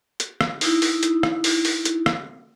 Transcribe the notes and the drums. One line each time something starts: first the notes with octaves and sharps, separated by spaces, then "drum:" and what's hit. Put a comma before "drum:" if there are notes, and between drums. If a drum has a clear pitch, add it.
drum: hi-hat
drum: rim click
D#4 E4, drum: open hi-hat
drum: open hi-hat
drum: hi-hat
drum: rim click
drum: open hi-hat
drum: open hi-hat
drum: hi-hat
drum: rim click